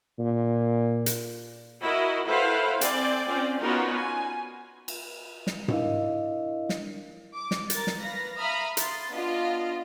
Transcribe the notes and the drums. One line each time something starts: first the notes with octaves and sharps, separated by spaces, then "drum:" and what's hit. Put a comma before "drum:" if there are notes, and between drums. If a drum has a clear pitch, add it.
A#2
drum: hi-hat
E4 F#4 A#4 D#5
E4 A4 B4 C5 F5 F#5
C4 D5 G#5, drum: hi-hat
C4 C#4 F4 D5
B3 C#4 D#4 F4 F#4 A#4
G#5
drum: cymbal
drum: snare
D4 E4 A#4 D#5 F5, drum: tom G#2
drum: snare
D6
drum: snare
A#4 A6, drum: hi-hat
drum: snare
B4 F5 A#6
E5 F5 A#5 B5 D#6 F6
C6 A6, drum: hi-hat
B3 D4 F4 D#5 F5